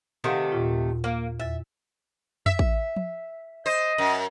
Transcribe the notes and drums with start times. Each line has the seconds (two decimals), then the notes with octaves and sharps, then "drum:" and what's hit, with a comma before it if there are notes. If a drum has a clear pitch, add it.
0.24 C3 D#3 A3 F5 F#5 D#6
0.52 D#2 A#2 F4
1.04 A#3
1.40 E2 E5 A6
2.46 E5, drum: tom F2
2.59 drum: kick A1
2.96 drum: tom F3
3.66 C5 D#5
3.98 F#2